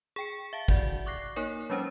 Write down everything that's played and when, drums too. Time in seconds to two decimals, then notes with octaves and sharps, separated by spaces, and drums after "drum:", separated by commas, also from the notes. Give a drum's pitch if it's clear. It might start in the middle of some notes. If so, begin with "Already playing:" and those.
0.16 G#4 G5 C#7
0.53 E5 F5 A5
0.68 F#4 D5 E5 F#5, drum: kick
1.06 C#6 D6 F#6 A#6 C7
1.36 A#3 D#4 A#4 C#5
1.70 F#3 G#3 C#4 D4 C5